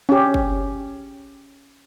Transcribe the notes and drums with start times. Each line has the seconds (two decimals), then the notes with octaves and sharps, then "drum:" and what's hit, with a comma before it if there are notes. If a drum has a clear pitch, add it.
0.09 C#4 G4
0.34 drum: kick